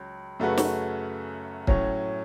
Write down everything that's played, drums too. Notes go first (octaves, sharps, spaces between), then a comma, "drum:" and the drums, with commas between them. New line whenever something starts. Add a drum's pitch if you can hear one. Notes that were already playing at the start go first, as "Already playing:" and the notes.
Already playing: C#2 F#3
F#2 C#3 A3 F#4 B4
drum: snare
A2 F#3 C#4, drum: kick